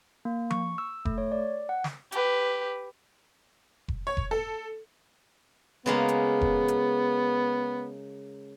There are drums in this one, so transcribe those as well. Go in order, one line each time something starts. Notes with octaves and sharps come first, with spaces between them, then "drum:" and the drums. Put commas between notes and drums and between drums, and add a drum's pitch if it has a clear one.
A#3
C#6, drum: tom F3
E6
A3, drum: kick F1
C#5
D5
F#5
drum: snare
G4 B4, drum: hi-hat
drum: kick F1
C#5
drum: kick F1
A4
C#3 G#3 A#3 B3
drum: hi-hat
drum: kick F1
drum: hi-hat